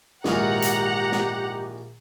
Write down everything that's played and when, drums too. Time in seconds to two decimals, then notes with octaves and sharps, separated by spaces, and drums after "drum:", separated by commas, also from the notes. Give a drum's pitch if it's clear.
0.24 A#1 G#2 D#3 E3 G4 F5 F#5 A#5, drum: snare
0.62 drum: hi-hat
1.12 drum: snare